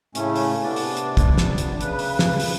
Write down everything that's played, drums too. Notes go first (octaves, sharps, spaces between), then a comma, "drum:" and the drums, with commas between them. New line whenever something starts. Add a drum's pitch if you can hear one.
A2 C#3 A3 C#4, drum: hi-hat
drum: open hi-hat
C3 B3 D4 D5
drum: open hi-hat
drum: hi-hat
drum: kick, hi-hat
drum: snare
drum: hi-hat
C#3 B4, drum: hi-hat
drum: open hi-hat
drum: snare
drum: open hi-hat